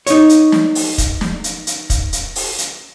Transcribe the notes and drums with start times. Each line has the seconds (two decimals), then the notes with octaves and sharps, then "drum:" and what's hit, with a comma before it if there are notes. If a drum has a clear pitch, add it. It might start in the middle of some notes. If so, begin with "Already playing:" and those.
0.07 D#4 C#5, drum: hi-hat
0.29 drum: hi-hat
0.52 drum: snare
0.75 drum: open hi-hat
0.98 drum: kick, hi-hat
1.21 drum: snare
1.44 drum: hi-hat
1.67 drum: hi-hat
1.90 drum: kick, hi-hat
2.13 drum: hi-hat
2.35 drum: open hi-hat
2.58 drum: hi-hat